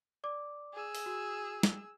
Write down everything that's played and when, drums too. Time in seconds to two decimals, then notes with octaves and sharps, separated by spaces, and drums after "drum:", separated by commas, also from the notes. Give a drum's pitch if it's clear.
0.24 D5 D6
0.74 G#4 E6
0.95 drum: open hi-hat
1.06 F#4
1.63 drum: snare